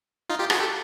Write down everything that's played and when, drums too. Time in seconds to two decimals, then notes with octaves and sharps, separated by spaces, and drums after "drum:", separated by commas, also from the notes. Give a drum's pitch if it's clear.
0.29 D#4 F4
0.40 F4 G4
0.50 F#4 G#4, drum: rim click
0.60 G4 A4